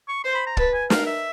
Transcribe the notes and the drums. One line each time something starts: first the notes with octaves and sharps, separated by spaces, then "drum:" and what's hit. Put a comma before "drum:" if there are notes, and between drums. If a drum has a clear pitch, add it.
C#6
C5 C6
B5
A#5
B4 A5, drum: kick
G#5
A#4 F5, drum: snare
E5